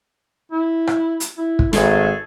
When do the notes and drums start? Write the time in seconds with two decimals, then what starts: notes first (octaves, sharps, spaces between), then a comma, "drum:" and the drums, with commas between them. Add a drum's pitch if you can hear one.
0.52 E4
0.87 drum: rim click
1.20 drum: hi-hat
1.38 E4
1.59 drum: kick
1.73 G#1 A3 G#4 A4, drum: snare